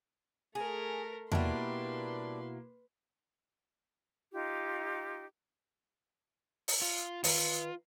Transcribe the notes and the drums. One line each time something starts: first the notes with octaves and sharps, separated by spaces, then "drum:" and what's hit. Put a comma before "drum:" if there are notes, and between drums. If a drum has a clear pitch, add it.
A3 G#4 A#4
B2 G3 A#3 D4 E4 F#4 B4 C6, drum: tom E2
D#4 F4 G4
drum: open hi-hat
F4
D#3 F4 B4, drum: open hi-hat